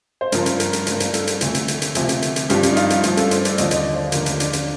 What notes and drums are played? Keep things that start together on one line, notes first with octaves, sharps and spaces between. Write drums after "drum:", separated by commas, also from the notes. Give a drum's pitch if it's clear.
C5
G2 F3 A#4, drum: hi-hat
drum: hi-hat
A#4, drum: hi-hat
drum: hi-hat
G2 F3 A#4, drum: hi-hat
drum: hi-hat
A4, drum: hi-hat
drum: hi-hat
D2 C3 F3, drum: hi-hat
drum: hi-hat
drum: hi-hat
drum: hi-hat
D2 C3 F3, drum: hi-hat
drum: hi-hat
drum: hi-hat
drum: hi-hat
G2 F3 G4, drum: hi-hat
drum: hi-hat
D#4
F4, drum: hi-hat
drum: hi-hat
G2 F3 F4, drum: hi-hat
A4, drum: hi-hat
C5, drum: hi-hat
D5, drum: hi-hat
D#2 D3 F3 D#5, drum: hi-hat
D#5, drum: hi-hat
D5
C5
D#2 D3 F3 A#4, drum: hi-hat
drum: hi-hat
D4, drum: hi-hat
drum: hi-hat